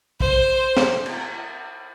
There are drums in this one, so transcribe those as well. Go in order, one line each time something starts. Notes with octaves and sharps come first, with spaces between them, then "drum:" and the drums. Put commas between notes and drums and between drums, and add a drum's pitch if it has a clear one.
C5, drum: kick
drum: snare
drum: cymbal